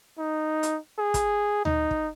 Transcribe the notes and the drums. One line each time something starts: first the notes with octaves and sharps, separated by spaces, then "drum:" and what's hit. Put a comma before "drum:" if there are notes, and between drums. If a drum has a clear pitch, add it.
D#4
drum: hi-hat
G#4
drum: kick, hi-hat
D#4, drum: tom D2
drum: kick